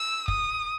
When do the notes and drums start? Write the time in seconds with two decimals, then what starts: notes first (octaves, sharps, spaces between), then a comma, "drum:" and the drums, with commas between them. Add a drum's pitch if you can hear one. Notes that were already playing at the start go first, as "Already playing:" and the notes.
Already playing: E6
0.28 D#6, drum: kick